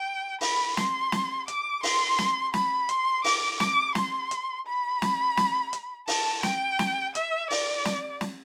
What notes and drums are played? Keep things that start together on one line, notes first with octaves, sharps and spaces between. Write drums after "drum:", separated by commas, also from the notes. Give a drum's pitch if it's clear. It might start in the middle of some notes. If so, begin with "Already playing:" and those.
Already playing: G5
B5, drum: open hi-hat
C6, drum: snare
drum: snare
D6, drum: hi-hat
C6, drum: open hi-hat
drum: snare
B5, drum: snare
C6, drum: hi-hat
D6, drum: open hi-hat
D6, drum: snare
C6, drum: snare
drum: hi-hat
B5
drum: snare
drum: snare
drum: hi-hat
A5, drum: open hi-hat
G5, drum: snare
drum: snare
E5, drum: hi-hat
D5, drum: open hi-hat
drum: snare
drum: snare